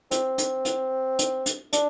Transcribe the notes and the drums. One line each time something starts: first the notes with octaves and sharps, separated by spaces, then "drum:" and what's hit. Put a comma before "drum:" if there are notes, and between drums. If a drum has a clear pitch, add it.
C4, drum: hi-hat
drum: hi-hat
drum: hi-hat
drum: hi-hat
drum: hi-hat
D4, drum: hi-hat